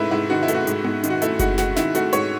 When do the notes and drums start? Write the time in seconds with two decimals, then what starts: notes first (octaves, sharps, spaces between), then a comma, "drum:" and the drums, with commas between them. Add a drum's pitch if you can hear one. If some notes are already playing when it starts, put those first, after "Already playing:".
Already playing: G#2 A3 E4 B4
0.11 G#2 E4
0.30 D#3 F#4
0.43 E4
0.48 A3, drum: hi-hat
0.54 F#4
0.67 G#2, drum: hi-hat
0.84 G#2, drum: tom B3
1.03 D#3, drum: hi-hat
1.10 F#4
1.22 A3 E4, drum: hi-hat
1.39 G#2 F#4, drum: kick F#1, hi-hat
1.58 G#2 F#4, drum: snare
1.76 D#3 E4, drum: snare
1.95 A3 F#4, drum: hi-hat
2.13 G#2 C#5, drum: hi-hat